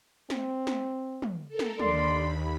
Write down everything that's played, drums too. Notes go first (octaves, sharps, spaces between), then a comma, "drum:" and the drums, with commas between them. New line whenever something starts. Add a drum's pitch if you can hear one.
C4, drum: snare
drum: snare
drum: tom
A4 A#4
drum: snare
D#2 D4 D5 B5 C6, drum: tom